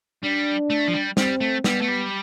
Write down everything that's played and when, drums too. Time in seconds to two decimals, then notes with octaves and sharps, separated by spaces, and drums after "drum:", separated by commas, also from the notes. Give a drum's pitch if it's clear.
0.23 G3 D4
0.70 A3
0.88 F3
0.94 G3
1.17 G3 C4, drum: snare
1.41 A3
1.64 G3 B3, drum: snare
1.81 A3
1.88 G3